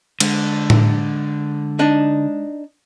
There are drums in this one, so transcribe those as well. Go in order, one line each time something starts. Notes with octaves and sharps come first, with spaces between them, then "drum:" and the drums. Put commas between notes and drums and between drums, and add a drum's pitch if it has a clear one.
D3 G#3, drum: cymbal
drum: tom A2
D4 D#4